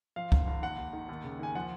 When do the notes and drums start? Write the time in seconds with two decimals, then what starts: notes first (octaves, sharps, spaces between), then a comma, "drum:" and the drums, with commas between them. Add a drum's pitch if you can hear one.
0.16 F3 F5
0.32 G#1, drum: kick
0.47 G#1
0.62 D#2 F#5
0.78 D#2
0.93 D#3
1.09 D#2
1.24 C#3
1.39 D#2 G#5
1.55 F3 F#5